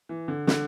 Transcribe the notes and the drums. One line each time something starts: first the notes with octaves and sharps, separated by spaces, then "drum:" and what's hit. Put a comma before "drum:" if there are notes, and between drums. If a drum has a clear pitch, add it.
E3
D3
D3, drum: snare